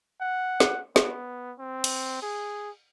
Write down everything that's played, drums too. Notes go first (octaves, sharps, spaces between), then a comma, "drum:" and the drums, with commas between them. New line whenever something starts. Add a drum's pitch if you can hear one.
F#5
drum: snare
B3, drum: snare
C4
drum: cymbal
G#4